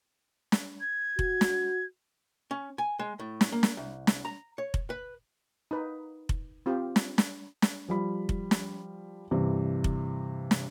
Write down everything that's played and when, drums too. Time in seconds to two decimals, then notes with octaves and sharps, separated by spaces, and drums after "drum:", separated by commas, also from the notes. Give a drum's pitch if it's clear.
0.52 drum: snare
0.81 G#6
1.19 F#4, drum: kick F1
1.41 drum: snare
2.51 C#4
2.78 G#5
2.99 G#3
3.19 A2
3.41 drum: snare
3.52 A#3
3.63 drum: snare
3.77 C2
4.07 drum: snare
4.25 A#5
4.58 C#5
4.74 drum: kick F1
4.90 B4
5.71 D#4 B4
6.29 drum: kick F1
6.66 C4 F4 G4
6.96 drum: snare
7.18 drum: snare
7.62 drum: snare
7.88 F3 G3 B5
8.29 drum: kick F1
8.51 drum: snare
9.31 G2 C3 E3
9.84 drum: kick F1
10.51 drum: snare